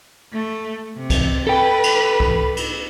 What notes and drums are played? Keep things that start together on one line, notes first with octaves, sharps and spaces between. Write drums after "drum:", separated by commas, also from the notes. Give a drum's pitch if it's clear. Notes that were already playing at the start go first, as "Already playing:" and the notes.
A3
C3
drum: kick C2, cymbal
A4 B4 G5
drum: cymbal
drum: kick C2
drum: cymbal